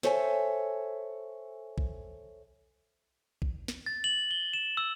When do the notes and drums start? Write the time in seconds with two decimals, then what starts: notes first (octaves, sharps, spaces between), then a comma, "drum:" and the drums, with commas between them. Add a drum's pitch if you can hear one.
0.03 A4 C5 C#5 E5 G#5, drum: snare
1.78 drum: kick A#1
3.42 drum: kick A#1
3.68 drum: snare
3.86 A6
4.04 F#7
4.31 G7
4.53 E7
4.77 E6